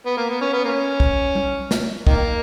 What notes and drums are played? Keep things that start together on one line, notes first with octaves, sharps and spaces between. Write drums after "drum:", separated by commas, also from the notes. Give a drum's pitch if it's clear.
B3
A#3
B3
C#4
B3
A#3 C#4
drum: kick
drum: tom G3
drum: snare
D#3 A#3, drum: kick